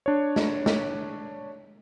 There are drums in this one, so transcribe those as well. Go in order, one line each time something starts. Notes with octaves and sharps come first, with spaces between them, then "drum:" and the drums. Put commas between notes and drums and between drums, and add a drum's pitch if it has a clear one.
D4 C#5
drum: snare
drum: snare